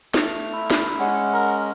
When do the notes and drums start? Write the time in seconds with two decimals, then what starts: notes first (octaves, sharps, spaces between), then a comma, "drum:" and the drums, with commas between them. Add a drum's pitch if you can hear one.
0.14 A3 F6, drum: snare
0.53 E4
0.70 drum: snare
0.99 G#3 C#4 F#5
1.33 A#4